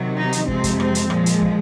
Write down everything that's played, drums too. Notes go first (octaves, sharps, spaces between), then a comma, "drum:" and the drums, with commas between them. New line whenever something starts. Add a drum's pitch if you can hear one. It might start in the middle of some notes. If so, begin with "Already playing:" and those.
Already playing: C3 D#3 F#3
D#4
drum: hi-hat
F2 C3 F3 G#3 C4, drum: kick
drum: kick, hi-hat
C4, drum: rim click
drum: hi-hat
A#2 F3 G#3, drum: rim click
drum: hi-hat
drum: kick